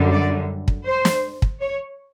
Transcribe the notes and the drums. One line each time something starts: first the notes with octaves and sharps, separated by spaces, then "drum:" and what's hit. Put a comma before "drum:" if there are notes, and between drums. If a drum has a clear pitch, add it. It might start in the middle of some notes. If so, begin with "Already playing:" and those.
Already playing: F#2 D3 G3
D5
drum: kick
C5
drum: snare
drum: kick
C#5